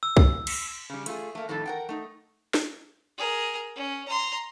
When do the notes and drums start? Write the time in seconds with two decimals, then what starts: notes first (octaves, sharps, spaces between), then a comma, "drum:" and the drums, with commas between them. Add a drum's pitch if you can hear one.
0.03 E6
0.17 drum: kick C2
0.47 drum: cymbal
0.90 C#3 G3
1.06 A3 F4 G#4, drum: hi-hat
1.35 A3 A#3
1.49 F2 A2 D#3 D#4 A4
1.66 A#4 F#5 G5
1.89 A3 D#4
2.54 drum: snare
3.18 G#4 A#4
3.76 C#4
4.08 A#5 C6